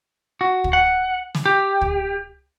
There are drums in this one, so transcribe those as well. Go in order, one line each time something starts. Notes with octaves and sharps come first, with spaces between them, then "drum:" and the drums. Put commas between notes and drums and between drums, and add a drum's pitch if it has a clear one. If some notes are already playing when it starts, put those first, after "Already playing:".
F#4
drum: kick
F#5
drum: snare
G4
drum: kick